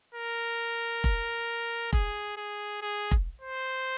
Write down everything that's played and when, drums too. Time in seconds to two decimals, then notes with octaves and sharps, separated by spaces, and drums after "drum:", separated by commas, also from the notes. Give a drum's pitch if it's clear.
0.14 A#4
1.04 drum: kick F1
1.93 G#4, drum: kick F1
2.37 G#4
2.82 G#4
3.11 drum: kick F1
3.41 C5